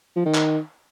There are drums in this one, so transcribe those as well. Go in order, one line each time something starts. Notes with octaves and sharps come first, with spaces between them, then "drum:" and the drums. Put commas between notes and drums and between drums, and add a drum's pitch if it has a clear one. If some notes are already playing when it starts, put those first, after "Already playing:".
F3
D#3
drum: clap